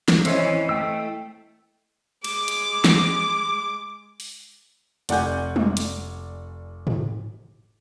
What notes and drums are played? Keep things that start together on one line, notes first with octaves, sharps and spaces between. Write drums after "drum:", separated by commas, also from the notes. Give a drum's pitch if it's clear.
drum: snare
E3 C4 C#4 E4 C5 D#5 E5 C7, drum: hi-hat
A3 G5 E6
G#3 D6, drum: cymbal
drum: hi-hat
drum: snare
drum: open hi-hat
F1 D5 F#5 G#5 G6, drum: hi-hat
drum: tom F#3
drum: hi-hat
drum: tom G#2